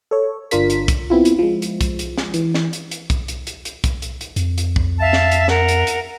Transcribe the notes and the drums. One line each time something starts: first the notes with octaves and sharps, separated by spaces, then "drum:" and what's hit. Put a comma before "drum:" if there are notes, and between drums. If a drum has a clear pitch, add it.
A4 C#5
G1 D4 F4 A#4 B6, drum: hi-hat
drum: hi-hat
drum: kick, hi-hat
B3 C4 E4 F4
drum: hi-hat
F3 G#3
drum: hi-hat
drum: kick, hi-hat
drum: hi-hat
drum: snare
E3, drum: hi-hat
drum: snare
drum: hi-hat
drum: hi-hat
drum: kick, hi-hat
drum: hi-hat
drum: hi-hat
drum: hi-hat
drum: kick, hi-hat
drum: hi-hat
drum: hi-hat
F2, drum: hi-hat
drum: hi-hat
drum: kick
E5 F5 A5
drum: snare
drum: hi-hat
A#4 F#5, drum: snare
drum: hi-hat
drum: hi-hat